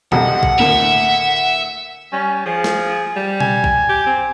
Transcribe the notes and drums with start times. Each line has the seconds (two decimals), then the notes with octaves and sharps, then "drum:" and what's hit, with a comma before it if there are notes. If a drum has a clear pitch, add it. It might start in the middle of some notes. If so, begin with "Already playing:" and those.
0.12 C2 F2 C3 F#5, drum: tom B2
0.43 drum: kick
0.60 D2 A2 A#3 E5
2.12 G3 C#4
2.45 F3 G#4
2.64 drum: snare
3.16 G3
3.40 G#5, drum: tom B2
3.64 drum: kick
3.89 G4
4.06 C4